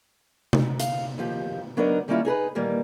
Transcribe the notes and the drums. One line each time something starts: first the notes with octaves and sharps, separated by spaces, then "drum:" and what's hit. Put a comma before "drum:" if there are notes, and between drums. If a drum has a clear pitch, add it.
drum: tom C3
F5, drum: hi-hat
D#2 F3 G4
F#3 B3 D4 D#4 A#4 D#5
D#3 G3 A#3 C#4 E4 F4
D#4 G#4 A#4 B4
A#2 D#3 E3 G3 A#3